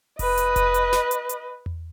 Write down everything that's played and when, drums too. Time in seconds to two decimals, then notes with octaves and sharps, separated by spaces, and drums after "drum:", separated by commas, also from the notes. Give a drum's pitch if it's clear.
0.19 B4 D#5, drum: kick F1, open hi-hat
0.37 drum: hi-hat
0.56 drum: kick F1, hi-hat
0.74 drum: hi-hat
0.93 drum: snare
1.11 drum: hi-hat
1.29 drum: hi-hat
1.66 drum: tom E2